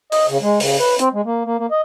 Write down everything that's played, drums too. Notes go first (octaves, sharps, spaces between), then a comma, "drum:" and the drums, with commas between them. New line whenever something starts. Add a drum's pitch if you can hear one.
D#5, drum: open hi-hat
C#3
G#3
C#3, drum: open hi-hat
B4
C4, drum: hi-hat
G#3
A#3
A#3
A#3
D#5